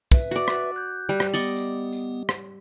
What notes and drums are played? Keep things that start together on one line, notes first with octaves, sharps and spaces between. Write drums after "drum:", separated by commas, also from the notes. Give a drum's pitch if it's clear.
B4 E5, drum: kick, tambourine
F#4 D5
drum: rim click
F#6 G6
G3
drum: rim click
B3 D5 D#5 C#6
drum: tambourine
drum: tambourine
drum: rim click